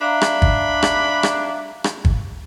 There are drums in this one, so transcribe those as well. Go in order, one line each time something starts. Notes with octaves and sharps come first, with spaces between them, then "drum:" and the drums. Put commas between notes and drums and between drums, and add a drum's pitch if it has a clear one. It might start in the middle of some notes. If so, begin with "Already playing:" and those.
D4 E5 F5 A#5 B5
drum: rim click
drum: kick
drum: rim click
drum: rim click
drum: rim click
drum: kick